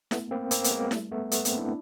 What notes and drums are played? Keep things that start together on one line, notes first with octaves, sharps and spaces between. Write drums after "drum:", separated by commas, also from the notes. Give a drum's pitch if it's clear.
A3 B3, drum: snare E4
A#3 C4
A#3 C4, drum: hi-hat
B3, drum: hi-hat
G#3 A#3
G3 A3, drum: snare E4
A3 B3
A3 B3, drum: hi-hat
A#3 C4, drum: hi-hat
D4 E4